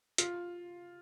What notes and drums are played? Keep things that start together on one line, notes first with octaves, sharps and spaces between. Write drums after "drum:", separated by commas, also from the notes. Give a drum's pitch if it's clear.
F4, drum: hi-hat